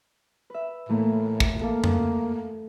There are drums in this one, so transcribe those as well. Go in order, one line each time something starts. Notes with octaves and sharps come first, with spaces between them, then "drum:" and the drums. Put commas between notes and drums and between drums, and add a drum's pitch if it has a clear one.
B4 E5
A2 E3 A3 A#3
drum: kick
A#3 A4 F5
drum: tom F2